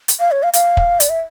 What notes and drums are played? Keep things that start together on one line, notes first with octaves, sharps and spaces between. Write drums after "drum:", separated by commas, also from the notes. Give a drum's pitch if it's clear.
drum: hi-hat
F5
C#5
F5
F5, drum: hi-hat
drum: kick
D5, drum: hi-hat
E5